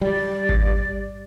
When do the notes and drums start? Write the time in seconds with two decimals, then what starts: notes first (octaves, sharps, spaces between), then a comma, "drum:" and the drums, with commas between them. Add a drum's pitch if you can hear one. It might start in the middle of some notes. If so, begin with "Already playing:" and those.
0.01 G3 D5
0.49 drum: kick G#1